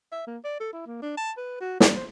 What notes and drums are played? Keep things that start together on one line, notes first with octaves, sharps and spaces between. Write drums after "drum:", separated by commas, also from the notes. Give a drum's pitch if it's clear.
E5
A#3
D5
A4
E4
A#3
D4
A5
B4
F#4
D5, drum: snare
C5